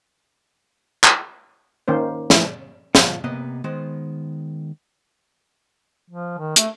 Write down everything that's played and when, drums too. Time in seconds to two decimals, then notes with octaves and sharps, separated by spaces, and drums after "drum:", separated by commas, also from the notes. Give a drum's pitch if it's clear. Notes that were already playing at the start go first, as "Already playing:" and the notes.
1.04 drum: clap
1.88 D#3 A#3 C#4 C5
2.30 E3 F3 A3 E4, drum: snare
2.95 F4 F5 F#5, drum: snare
3.24 C3 A#3 B3 D#5
3.64 D#3 G#3 B3 C5
6.10 F3
6.38 D#3
6.56 A3, drum: hi-hat